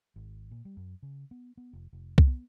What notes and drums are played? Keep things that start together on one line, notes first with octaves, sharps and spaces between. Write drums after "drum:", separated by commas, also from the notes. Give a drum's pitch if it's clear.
G#1
A#2
G3
F#2
C#3
B3
B3
F1
F1
drum: kick C2
B3